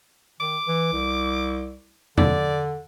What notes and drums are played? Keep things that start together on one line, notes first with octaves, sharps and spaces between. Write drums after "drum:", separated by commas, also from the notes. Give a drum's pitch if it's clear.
D#3 D6
E3
C2
D3 D5, drum: tom